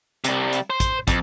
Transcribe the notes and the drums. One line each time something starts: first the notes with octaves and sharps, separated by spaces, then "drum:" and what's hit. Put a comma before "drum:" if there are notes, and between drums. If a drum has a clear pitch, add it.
C3 G3, drum: hi-hat
drum: hi-hat
C5
drum: kick, hi-hat
F2, drum: kick, hi-hat